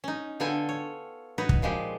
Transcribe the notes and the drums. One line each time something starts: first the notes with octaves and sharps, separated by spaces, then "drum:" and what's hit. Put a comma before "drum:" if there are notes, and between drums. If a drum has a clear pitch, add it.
C#4 D#4
D3 B3 F4 A4 G5 G#5
C#5
D#4 F#4 B4 C#5 D#5
drum: kick
A#2 F3 G#3 G4 B4